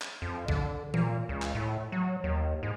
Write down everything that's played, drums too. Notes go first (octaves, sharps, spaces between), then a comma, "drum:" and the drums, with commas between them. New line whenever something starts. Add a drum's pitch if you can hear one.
drum: clap
F2
D3, drum: kick A#1
A#2, drum: tom E3
C#2
drum: clap
A2
F#3
D#2
G#2